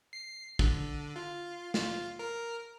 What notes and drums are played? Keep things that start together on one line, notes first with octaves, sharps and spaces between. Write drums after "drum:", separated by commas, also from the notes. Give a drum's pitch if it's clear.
C7
D3, drum: kick
F4
F4, drum: snare
A#4